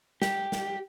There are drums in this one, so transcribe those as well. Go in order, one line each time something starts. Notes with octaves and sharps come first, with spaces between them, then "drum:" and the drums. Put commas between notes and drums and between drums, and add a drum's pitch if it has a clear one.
G4, drum: snare
drum: snare